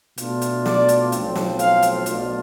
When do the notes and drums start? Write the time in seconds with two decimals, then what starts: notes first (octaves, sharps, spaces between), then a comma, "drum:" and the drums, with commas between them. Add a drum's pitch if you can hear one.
0.18 B2 A3 D4 F4, drum: hi-hat
0.41 drum: hi-hat
0.66 D5, drum: snare
0.88 drum: hi-hat
1.12 B1 A2 F3 C4, drum: hi-hat
1.35 drum: snare
1.59 F5, drum: hi-hat
1.82 drum: hi-hat
2.06 B1 B2 A3 D4 F4, drum: hi-hat